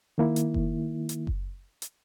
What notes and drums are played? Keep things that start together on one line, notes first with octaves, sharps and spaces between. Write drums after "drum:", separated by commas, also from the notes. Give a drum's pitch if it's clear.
D#3 A#3 E4
drum: hi-hat
drum: kick F#1
drum: hi-hat
drum: kick F#1
drum: hi-hat